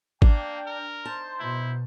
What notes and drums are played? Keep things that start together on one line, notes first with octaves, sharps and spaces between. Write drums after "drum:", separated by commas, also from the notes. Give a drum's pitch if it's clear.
A#3 D4 G5, drum: kick G#1
A#4
D#4 C5 A5
B2 E4